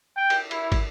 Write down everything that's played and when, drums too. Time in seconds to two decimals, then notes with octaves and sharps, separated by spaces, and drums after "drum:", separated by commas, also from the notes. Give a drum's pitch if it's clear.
0.16 G5
0.30 drum: cymbal
0.51 E4, drum: cymbal
0.72 drum: kick, cymbal